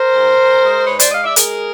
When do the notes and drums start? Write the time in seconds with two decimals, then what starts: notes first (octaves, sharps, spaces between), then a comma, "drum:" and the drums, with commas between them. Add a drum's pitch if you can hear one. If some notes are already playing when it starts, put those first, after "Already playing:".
Already playing: A#4 C5
0.14 G#2
0.38 G#2
0.62 G#3
0.87 G#2 B4 C#5
1.00 C5 D5, drum: hi-hat
1.11 G#3 D#5 F5
1.24 D5 E5
1.36 G#3 G#4 A#4, drum: hi-hat